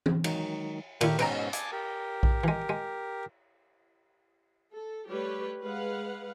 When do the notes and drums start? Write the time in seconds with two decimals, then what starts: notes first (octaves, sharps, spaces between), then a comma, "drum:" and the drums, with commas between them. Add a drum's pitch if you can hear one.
0.06 drum: tom E3
0.24 D#3 F#3 G#3 D#4, drum: cymbal
1.01 A#2 D#3 A3 E4 G4 A#4, drum: cymbal
1.19 G#2 B2 C#4 B4 G5 A#5, drum: cymbal
1.53 G#5 A5 D6, drum: hi-hat
1.72 G4 A#4
2.23 drum: kick A#1
2.44 E3 G#3
2.69 G#3
4.72 A4
5.08 G3 A3 G4 B4 C#5
5.61 G#3 B4 F5 F#5